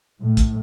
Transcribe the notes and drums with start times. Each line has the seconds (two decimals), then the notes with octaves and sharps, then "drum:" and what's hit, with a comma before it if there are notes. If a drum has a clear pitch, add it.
0.22 A2
0.37 drum: kick, hi-hat